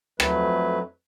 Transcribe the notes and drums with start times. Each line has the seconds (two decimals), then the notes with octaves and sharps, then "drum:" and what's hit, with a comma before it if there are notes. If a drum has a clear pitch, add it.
0.20 F2 F#3 A3 B4, drum: rim click